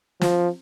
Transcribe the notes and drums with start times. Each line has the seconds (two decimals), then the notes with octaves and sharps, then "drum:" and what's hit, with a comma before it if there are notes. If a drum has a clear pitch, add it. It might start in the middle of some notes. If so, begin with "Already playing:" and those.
0.21 F3, drum: snare